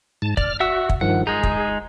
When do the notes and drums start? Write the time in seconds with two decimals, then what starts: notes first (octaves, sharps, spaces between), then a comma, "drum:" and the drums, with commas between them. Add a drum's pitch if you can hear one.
0.22 G#2 A5
0.37 D5 F6, drum: kick
0.60 F#4 E5 F#5 E6
0.89 drum: kick
1.01 G2 D#3 F3 F#5
1.27 G#3 D#4 G#4
1.43 drum: kick